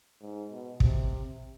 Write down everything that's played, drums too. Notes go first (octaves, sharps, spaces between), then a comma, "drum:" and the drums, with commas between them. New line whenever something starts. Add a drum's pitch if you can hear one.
G#2
B2
C3, drum: kick